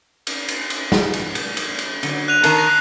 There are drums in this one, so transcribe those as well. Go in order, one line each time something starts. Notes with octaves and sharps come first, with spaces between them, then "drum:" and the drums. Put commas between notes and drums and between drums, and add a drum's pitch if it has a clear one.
drum: cymbal
drum: cymbal
drum: cymbal
drum: snare
drum: cymbal
drum: cymbal
drum: cymbal
drum: cymbal
D3 F#3, drum: cymbal
F#6 D#7 F7
D#3 A#4 A5 C7, drum: cymbal
A#6